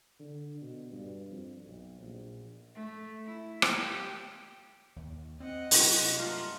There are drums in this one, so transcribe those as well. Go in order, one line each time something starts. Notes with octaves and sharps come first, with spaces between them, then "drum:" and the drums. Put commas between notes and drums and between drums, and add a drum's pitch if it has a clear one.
D3
B2
G2
F2
B1
A#1
A3
E4
drum: rim click
G4
D#2
C4 D#5 F#5
C3 F#3, drum: open hi-hat
G2 A3 A#3 F4